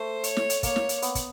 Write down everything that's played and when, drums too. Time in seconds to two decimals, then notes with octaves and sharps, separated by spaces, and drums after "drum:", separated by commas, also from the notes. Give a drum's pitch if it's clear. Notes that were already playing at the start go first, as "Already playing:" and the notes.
Already playing: A3 C5
0.24 C#5, drum: hi-hat
0.37 drum: snare
0.50 drum: hi-hat
0.63 A#3 C#5, drum: kick, hi-hat
0.76 drum: snare
0.89 drum: hi-hat
1.02 B3, drum: hi-hat
1.15 drum: kick, hi-hat